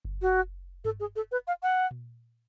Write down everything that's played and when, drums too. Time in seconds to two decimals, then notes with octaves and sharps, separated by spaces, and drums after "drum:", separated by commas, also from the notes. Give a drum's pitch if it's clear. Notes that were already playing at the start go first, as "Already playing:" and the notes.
0.05 drum: kick F#1
0.22 F#4
0.85 A4, drum: tom G2
1.00 G#4
1.16 A4
1.32 B4
1.47 F5
1.63 F#5
1.91 drum: tom A#2